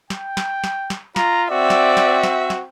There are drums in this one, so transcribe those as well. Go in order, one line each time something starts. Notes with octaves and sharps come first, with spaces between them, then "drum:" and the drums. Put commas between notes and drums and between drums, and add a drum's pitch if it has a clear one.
G5, drum: snare
drum: snare
drum: snare
drum: snare
F4 A#5, drum: snare
C4 F#4 D5 E5
drum: snare
drum: snare
drum: snare
drum: snare